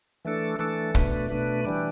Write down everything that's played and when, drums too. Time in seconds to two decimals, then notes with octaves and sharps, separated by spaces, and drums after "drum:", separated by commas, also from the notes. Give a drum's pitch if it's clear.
0.25 E3 A3 D4 A4
0.59 E3 A3 D4 A4
0.95 B2 A3 D4 B4, drum: kick
1.30 B2 A3 D4 B4
1.65 E3 G3 D4